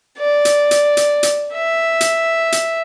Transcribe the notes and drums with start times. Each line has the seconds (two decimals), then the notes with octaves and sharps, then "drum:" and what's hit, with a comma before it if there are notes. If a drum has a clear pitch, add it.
0.19 D5
0.45 drum: hi-hat
0.71 drum: hi-hat
0.97 drum: hi-hat
1.23 drum: hi-hat
1.54 E5
2.01 drum: hi-hat
2.52 drum: hi-hat